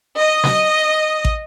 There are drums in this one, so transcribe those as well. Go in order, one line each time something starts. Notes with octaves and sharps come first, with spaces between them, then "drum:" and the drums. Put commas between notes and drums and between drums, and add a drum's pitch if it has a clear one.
D#5
drum: snare
drum: kick